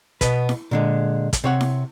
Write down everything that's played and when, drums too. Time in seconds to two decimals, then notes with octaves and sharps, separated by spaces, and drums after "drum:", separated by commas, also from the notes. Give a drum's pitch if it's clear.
0.21 B2 B3 B4, drum: kick, hi-hat
0.49 drum: snare E4
0.71 A#2 D3 G#3
1.33 drum: kick, hi-hat
1.44 C3 C#5 F#5
1.61 drum: snare E4